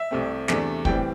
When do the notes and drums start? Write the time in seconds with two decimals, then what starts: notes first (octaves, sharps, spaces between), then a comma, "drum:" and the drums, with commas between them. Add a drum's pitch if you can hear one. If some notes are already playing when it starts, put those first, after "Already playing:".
Already playing: E5
0.11 C2 C3 A3 C4
0.48 E2 C3 A3 D4, drum: snare
0.85 A2 E3 G3 C4 G5, drum: kick